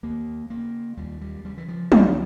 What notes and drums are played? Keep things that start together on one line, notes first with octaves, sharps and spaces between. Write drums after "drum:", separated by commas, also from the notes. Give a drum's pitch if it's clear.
D#2 A#3
C#3 A#3
D#2 G3
G3
C#3 G3
E3
F3
C#2 F3, drum: tom
D#3